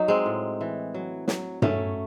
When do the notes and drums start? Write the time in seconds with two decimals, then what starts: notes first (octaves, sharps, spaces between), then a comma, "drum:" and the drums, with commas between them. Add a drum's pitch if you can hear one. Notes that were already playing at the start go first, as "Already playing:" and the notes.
Already playing: F#3 D#4
0.08 G#3 C4
0.26 A2
0.61 E3
0.94 F#3
1.28 F#3, drum: snare
1.62 F#3 A3 C#4, drum: tom G2